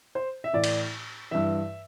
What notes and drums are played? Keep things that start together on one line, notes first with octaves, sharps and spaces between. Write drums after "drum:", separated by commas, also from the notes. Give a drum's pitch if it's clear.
C5
E5
A2 E3 D5
drum: cymbal
G2 E3 E5